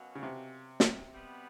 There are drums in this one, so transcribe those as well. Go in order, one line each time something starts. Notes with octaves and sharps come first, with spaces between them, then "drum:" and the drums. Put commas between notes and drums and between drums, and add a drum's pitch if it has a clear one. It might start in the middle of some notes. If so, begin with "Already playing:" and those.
Already playing: B2 F#3 A#3 C#4 F#4
C#3
C3
drum: snare
B2 G3 B3